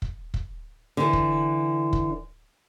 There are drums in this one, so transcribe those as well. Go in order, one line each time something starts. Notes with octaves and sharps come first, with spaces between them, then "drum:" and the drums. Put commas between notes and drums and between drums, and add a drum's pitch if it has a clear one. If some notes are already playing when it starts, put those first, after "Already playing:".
drum: kick
drum: kick
D3 E3
drum: kick
drum: kick